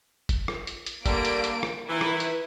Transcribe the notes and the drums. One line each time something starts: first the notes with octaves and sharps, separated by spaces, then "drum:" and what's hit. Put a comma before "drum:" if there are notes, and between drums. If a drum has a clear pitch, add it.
drum: kick F#1, hi-hat
drum: rim click
drum: hi-hat
drum: hi-hat
D3 G3 A3 A#3 D7, drum: kick F#1, hi-hat
drum: hi-hat
drum: hi-hat
drum: rim click
D#3 E3 E4 B4
drum: rim click
drum: hi-hat